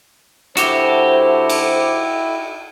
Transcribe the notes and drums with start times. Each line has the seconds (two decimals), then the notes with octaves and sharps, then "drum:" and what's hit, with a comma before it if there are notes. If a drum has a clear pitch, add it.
0.57 D2 A3 E4 F#4 G4 C5, drum: hi-hat
1.49 drum: cymbal